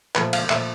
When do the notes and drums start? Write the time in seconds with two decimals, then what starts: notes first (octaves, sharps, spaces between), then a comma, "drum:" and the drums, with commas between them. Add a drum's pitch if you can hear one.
0.15 A#2 F3 A3 B4, drum: clap
0.33 F5, drum: cymbal
0.50 A#2 F3 A3 E5, drum: clap